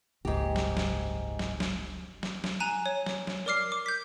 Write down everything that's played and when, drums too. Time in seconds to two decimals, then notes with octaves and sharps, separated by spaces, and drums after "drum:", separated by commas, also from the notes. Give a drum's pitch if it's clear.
0.25 F#1 C#2 G#2 G4
0.56 drum: snare
0.77 drum: snare
1.39 drum: snare
1.60 drum: snare
2.23 drum: snare
2.44 drum: snare
2.60 G#5 A#5 F#6 D#7 E7
2.86 C#5
3.06 drum: snare
3.27 drum: snare
3.46 A#4 D5 D6 F6 C7
3.72 D6
3.86 G6 B6